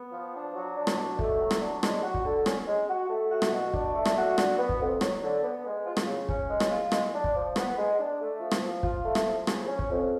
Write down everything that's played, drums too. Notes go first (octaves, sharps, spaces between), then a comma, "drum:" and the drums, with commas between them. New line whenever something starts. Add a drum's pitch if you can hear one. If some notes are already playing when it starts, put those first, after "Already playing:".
Already playing: B3
F3
D4
F#3
D4
drum: rim click
B2
A3, drum: kick
F#3
drum: rim click
D4
G#3, drum: rim click
F#4
drum: kick
D3
C#4, drum: rim click
G#3
F#4
A3
F#4
drum: rim click
B2
D4, drum: kick
A3
drum: rim click
F#4
D3, drum: rim click
B3
drum: kick
F2
F#3, drum: rim click
D3
B3
G#3
F4
drum: rim click
C#3
C#4, drum: kick
G#3
drum: rim click
F4
G#3, drum: rim click
D4
drum: kick
F3
B3, drum: rim click
G#3
D4
A3
F3
drum: rim click
F3
F4, drum: kick
A3
drum: rim click
F3
C#3, drum: rim click
C#4
drum: kick
F2